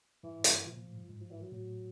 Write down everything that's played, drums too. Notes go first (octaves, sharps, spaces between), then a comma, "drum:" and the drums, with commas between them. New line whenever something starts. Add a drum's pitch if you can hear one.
G#2 E3
G2, drum: hi-hat
A#2 F3
A#2
A2
G#2
G#2
F3
E3
F#3
A2 F#3